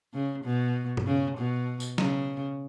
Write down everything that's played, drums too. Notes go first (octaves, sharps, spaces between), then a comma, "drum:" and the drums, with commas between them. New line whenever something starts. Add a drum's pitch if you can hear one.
C#3
B2
drum: tom G2
C#3
B2
drum: tambourine
C#3, drum: snare